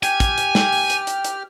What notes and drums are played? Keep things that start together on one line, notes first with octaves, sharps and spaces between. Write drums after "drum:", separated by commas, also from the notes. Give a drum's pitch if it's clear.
G4 G#5 F6, drum: hi-hat
drum: kick, hi-hat
drum: hi-hat
drum: snare
drum: open hi-hat
drum: hi-hat
drum: hi-hat
drum: hi-hat